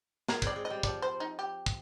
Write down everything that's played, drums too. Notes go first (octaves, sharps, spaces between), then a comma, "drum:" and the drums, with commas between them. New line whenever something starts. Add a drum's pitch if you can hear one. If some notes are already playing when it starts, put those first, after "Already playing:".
F4 G#4 A#4, drum: snare
G#3 C4 D5, drum: kick
G#3
D#5
G3
F3 D5, drum: kick
C5
D#4
G4
drum: kick